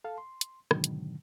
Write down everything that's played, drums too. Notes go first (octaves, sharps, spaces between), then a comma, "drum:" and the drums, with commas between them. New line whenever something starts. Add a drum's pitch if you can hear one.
A4 F5 A5
C6
drum: hi-hat
G#2 B2 D3 D#3 F#3, drum: rim click
drum: hi-hat